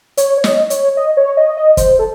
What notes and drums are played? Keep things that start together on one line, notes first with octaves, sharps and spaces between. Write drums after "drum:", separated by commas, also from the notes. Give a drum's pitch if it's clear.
C#5, drum: hi-hat
C#5
D#5, drum: snare
C#5, drum: hi-hat
D#5
C#5
D#5
D#5
C5, drum: kick, hi-hat
A4